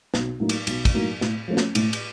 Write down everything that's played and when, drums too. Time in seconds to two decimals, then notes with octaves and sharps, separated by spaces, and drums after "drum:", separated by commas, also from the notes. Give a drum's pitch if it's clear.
0.14 B1, drum: snare
0.40 A2 F#3 A#3 D#4
0.49 drum: cymbal
0.67 B1, drum: cymbal
0.85 drum: kick, cymbal
0.94 A2 F#3 A#3 D#4
1.21 A2, drum: snare
1.48 F3 A3 C#4
1.57 drum: snare
1.75 A2, drum: cymbal
1.93 drum: cymbal